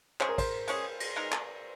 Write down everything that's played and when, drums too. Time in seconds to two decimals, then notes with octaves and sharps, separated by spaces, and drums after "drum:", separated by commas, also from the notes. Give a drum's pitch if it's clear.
0.20 G#3 C#4 G#4 C5, drum: clap
0.29 A#4
0.38 C5, drum: kick, cymbal
0.68 G#3 C#4 G#4, drum: cymbal
1.00 drum: cymbal
1.16 G#3 D#4 A#4
1.32 drum: clap